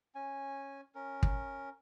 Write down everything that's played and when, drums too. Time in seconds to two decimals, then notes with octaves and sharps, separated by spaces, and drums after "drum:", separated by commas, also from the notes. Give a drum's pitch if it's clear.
0.15 C#4 G#5
0.95 C#4 A#4
1.23 drum: kick